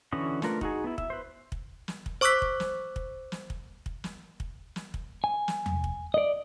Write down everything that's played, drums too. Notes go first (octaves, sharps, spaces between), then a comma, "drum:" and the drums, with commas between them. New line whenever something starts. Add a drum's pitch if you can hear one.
D3 E3 C#4 F#4 D#6
A3 D4 F4 A#4 B4, drum: snare
D#4 F#4 G#4, drum: kick
B3 E4
E5, drum: kick
B4 C5
drum: kick
drum: snare
drum: kick
C5 C#6 D6 E6 F#6 B6
drum: kick
drum: snare
drum: kick
drum: snare
drum: kick
drum: kick
drum: snare
drum: kick
drum: snare
drum: kick
G#5
drum: snare
drum: tom E2
drum: kick
D5 D#5